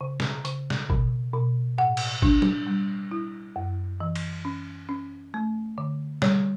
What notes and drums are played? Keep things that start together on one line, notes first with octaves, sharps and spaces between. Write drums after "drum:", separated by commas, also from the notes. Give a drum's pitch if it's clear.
C#3
drum: snare
C#3, drum: hi-hat
drum: snare
B2, drum: kick
B2
A2 F#5
drum: cymbal
D4, drum: kick
drum: tom
G3
E4
F#2
E3
drum: cymbal
C#4
C#4
A3
D3
G3 C#5, drum: snare